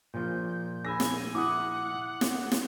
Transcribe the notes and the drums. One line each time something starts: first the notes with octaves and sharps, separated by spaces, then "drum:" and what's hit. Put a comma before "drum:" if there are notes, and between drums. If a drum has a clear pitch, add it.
A#2 F3 G6
G#5 B5 E6 A#6
drum: snare
E4 F#5 D6 D#6
drum: snare
drum: snare